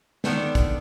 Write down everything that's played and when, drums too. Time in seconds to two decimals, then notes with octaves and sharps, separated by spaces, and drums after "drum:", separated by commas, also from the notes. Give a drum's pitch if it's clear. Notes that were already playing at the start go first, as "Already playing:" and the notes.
0.24 D3 D#3 B3 D4, drum: snare A3
0.55 drum: kick, hi-hat